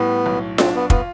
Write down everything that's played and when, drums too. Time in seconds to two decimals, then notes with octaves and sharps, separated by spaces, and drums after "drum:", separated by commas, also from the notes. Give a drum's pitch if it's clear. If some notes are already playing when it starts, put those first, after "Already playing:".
Already playing: A2 G3 B3
0.26 B1
0.58 C4 D4, drum: snare F4
0.75 B3
0.90 B3 F4, drum: kick